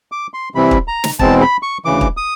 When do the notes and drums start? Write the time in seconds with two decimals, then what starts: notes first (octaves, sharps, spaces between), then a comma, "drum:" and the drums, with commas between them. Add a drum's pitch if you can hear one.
0.12 D6
0.34 C6
0.55 C3 E3 G3 C4 E4 B5
0.71 drum: kick
0.88 A#5
1.04 drum: snare
1.19 E2 B2 G#3 C4 A5, drum: kick
1.42 B5
1.63 C#6
1.85 D2 C#3 E3 D6
2.01 drum: kick
2.17 D#6